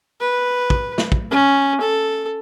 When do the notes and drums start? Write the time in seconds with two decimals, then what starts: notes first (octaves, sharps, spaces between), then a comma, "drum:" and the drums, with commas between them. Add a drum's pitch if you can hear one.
0.21 B4
0.70 drum: kick
0.98 drum: snare
1.12 drum: kick
1.31 C#4
1.81 A4